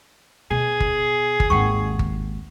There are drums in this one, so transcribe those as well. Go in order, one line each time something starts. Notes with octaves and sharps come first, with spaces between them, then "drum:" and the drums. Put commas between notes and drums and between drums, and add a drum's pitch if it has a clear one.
B2 G#4
drum: kick G1
drum: kick G1
G#1 D#2 F#5 G5 C#6
drum: kick G1